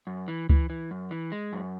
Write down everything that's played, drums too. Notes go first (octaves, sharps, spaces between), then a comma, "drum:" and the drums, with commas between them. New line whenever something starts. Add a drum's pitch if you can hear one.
F#2
E3
E3, drum: kick C#2
E3
F#2
E3
G#3
F#2